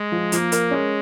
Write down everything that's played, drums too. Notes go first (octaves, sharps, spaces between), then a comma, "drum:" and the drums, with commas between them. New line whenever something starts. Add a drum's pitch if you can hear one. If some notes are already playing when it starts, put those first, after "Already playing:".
Already playing: G#3
F3
F3 A#3, drum: hi-hat
A#4, drum: hi-hat
G#3 C#4